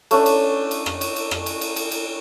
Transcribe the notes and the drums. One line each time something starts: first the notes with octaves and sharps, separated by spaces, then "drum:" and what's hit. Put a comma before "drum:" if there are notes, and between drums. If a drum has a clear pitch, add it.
A3 C#4 D4, drum: cymbal
drum: cymbal
drum: cymbal
drum: rim click
drum: cymbal
drum: cymbal
drum: rim click
drum: cymbal
drum: cymbal
drum: cymbal
drum: cymbal